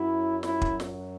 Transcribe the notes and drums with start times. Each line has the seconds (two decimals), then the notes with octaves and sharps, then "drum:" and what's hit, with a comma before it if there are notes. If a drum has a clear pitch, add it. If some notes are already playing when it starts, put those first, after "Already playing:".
Already playing: F#2 F#3 E4
0.43 E4, drum: snare
0.62 drum: kick
0.80 drum: snare